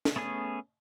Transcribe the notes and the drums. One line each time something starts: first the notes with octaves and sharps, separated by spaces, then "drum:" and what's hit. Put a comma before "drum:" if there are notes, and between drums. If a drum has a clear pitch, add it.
drum: snare
A3 B3 C#4 G#4